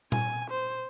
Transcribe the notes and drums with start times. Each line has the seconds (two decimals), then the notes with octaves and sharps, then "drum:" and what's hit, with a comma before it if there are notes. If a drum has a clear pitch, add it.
0.12 G#5, drum: tom A#2
0.50 C5